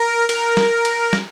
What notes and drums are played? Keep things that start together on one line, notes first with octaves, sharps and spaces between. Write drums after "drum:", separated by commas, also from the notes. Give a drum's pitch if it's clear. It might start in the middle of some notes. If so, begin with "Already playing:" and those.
Already playing: A#4
A#4, drum: cymbal
drum: snare
drum: cymbal
drum: snare